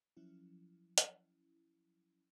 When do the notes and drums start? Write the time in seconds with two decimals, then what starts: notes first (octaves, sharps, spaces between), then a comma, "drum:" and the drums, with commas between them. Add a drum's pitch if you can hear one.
0.17 F3 F#3 C#4 E4
0.98 drum: hi-hat